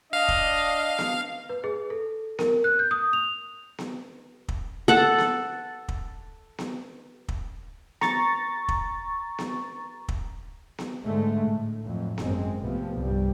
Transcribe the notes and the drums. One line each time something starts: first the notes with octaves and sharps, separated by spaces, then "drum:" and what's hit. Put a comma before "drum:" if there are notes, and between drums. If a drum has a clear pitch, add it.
D4 D#5 F5
drum: kick
drum: snare B3
B4
G#4
A4
A#4, drum: snare B3
F#6
G6
D#6
F7
drum: snare B3
drum: kick
A4 F#5
drum: snare B3
drum: kick
drum: snare B3
drum: kick
A#5 C#6 A6, drum: snare B3
drum: kick
drum: snare B3
drum: kick
drum: snare B3
G#2 D3 G#3 A3
A2
F2 A2 F#3
G#1 F#2 G#3 C4, drum: snare B3
A#1 C3 F3 A3 B3
C2 G2 G3